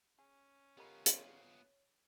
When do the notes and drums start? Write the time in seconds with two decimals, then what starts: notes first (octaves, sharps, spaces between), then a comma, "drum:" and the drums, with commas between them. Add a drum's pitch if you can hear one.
0.19 C#4 G#4
0.77 A3 B3 F4 G4 A#4 D#5 A#5 B5
1.06 D#3 C4 C5 C#5, drum: hi-hat